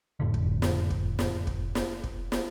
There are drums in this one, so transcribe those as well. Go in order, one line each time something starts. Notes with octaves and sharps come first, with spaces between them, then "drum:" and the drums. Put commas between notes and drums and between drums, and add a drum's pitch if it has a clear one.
F#1 F2 A2 D3
drum: kick
drum: snare
drum: kick
drum: snare
drum: kick
drum: snare
drum: kick
drum: snare